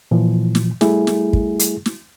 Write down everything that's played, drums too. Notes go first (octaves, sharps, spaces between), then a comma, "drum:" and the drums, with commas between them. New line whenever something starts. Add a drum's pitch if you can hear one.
A#2 E3 F3
drum: snare
G3 A3 E4 G#4, drum: snare
drum: snare
drum: kick
drum: hi-hat
drum: snare